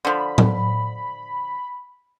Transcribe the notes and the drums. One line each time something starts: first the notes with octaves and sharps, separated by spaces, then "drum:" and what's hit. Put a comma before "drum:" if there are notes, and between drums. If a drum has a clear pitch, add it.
D3 F3 B5
drum: tom A2